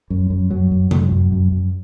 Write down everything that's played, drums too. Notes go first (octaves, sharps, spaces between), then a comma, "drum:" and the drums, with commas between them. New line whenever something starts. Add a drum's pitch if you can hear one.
F#2
F#2
F#2 F#3
F#2
F#2, drum: tom C3
F#2
F#2
F#2